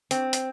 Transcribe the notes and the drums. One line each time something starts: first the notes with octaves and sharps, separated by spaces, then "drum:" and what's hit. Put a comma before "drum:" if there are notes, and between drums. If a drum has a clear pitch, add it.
C4, drum: hi-hat
drum: hi-hat